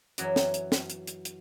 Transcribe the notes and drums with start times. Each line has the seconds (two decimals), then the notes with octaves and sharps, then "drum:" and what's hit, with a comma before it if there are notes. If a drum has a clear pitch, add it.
0.18 F#2 E3 F#3, drum: hi-hat
0.36 drum: snare
0.54 drum: hi-hat
0.72 drum: snare
0.90 drum: hi-hat
1.07 drum: hi-hat
1.25 drum: hi-hat